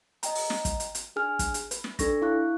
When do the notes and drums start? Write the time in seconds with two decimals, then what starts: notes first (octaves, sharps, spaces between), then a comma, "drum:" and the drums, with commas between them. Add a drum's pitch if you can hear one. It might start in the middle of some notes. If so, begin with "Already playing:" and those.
0.23 D#5 G5 A#5, drum: hi-hat
0.35 drum: open hi-hat
0.50 drum: snare
0.65 drum: kick, hi-hat
0.80 drum: hi-hat
0.95 drum: hi-hat
1.16 D4 G#4 G#5 F6
1.39 drum: kick, hi-hat
1.54 drum: hi-hat
1.71 B4, drum: hi-hat
1.84 drum: snare
1.99 D4 A4 C#6 A#6, drum: kick, hi-hat
2.22 E4 F5 C#6 D6 F#6